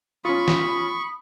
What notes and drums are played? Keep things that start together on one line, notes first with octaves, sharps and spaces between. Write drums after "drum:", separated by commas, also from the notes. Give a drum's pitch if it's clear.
C#4 F4 B5 C#6 D#6
drum: snare